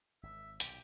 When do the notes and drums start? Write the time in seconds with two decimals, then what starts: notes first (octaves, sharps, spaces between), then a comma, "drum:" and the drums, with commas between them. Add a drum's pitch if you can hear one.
0.23 G#1 E5
0.60 B1 A#2 G4, drum: hi-hat